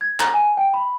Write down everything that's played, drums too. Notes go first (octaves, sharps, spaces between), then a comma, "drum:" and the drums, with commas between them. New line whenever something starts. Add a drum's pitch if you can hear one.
G#6
A#5, drum: clap
G#5
G5
B5